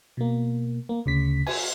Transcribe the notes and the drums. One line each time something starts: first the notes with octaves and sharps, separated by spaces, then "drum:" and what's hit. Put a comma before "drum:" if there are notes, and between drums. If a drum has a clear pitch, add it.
B2 A#3
A#3
D2 C#3 B6
G#5, drum: cymbal